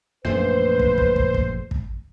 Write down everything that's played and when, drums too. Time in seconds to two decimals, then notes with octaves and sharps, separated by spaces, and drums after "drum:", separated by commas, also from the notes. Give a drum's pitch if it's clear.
0.25 A#1 F#2 A3 B4 C5
0.80 drum: kick
0.98 drum: kick
1.16 drum: kick
1.34 drum: kick
1.71 drum: kick